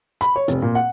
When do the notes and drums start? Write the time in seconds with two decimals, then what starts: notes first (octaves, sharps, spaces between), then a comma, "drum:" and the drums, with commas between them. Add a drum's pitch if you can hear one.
0.21 B5, drum: hi-hat
0.36 C#5
0.48 F1, drum: hi-hat
0.62 A#2
0.75 F#5